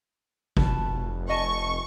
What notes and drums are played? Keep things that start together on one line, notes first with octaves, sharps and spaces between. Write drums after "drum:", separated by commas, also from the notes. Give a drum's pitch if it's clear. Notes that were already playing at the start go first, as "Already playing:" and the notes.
F1 B2 A5, drum: kick G#1
D#5 G#5 A5 C#6